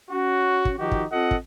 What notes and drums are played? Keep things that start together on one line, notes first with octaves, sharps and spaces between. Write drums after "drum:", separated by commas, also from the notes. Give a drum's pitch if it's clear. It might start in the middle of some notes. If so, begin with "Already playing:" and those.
C#4 F#4
drum: kick
D#3 F3 D#4 F#4 G4
drum: kick
C4 F4 A4 D#5 F#5
drum: kick